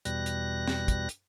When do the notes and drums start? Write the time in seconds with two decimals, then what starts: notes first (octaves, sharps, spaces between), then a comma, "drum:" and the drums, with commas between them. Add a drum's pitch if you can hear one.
0.05 E2 B2 G3 F#6 A#6, drum: hi-hat
0.26 drum: hi-hat
0.68 drum: snare
0.88 drum: kick, hi-hat
1.09 drum: hi-hat